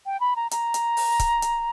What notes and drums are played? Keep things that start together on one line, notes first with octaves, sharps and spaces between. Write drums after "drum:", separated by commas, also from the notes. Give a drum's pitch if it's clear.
G5
B5
A#5
A#5, drum: hi-hat
drum: hi-hat
drum: open hi-hat
drum: kick C#1, hi-hat
drum: hi-hat